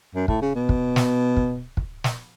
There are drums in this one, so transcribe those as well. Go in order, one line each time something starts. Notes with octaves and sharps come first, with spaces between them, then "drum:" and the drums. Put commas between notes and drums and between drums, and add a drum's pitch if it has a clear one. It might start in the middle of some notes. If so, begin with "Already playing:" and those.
F#2
A2, drum: kick
C#3
B2
drum: kick
drum: snare
drum: kick
drum: kick
drum: snare